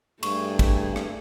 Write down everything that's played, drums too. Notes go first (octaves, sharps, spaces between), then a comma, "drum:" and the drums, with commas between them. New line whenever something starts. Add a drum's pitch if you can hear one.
G2 A3 G#4 C#6, drum: cymbal
drum: kick, cymbal
drum: rim click